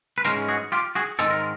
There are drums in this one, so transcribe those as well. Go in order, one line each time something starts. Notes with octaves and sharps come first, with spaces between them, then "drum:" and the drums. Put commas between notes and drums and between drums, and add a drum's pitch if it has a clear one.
B4
G#2 E3 G#3 C#4 A#4 C5, drum: hi-hat
F#4 G#4
F4 G4
F#4 G#4
G#2 D#3 G#3 C4 D#4 A4, drum: hi-hat
A#4